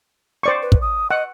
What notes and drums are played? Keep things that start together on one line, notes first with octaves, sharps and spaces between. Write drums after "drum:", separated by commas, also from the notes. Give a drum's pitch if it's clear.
C5 D5 C#6
B4
drum: kick
D#6
D#5 F#5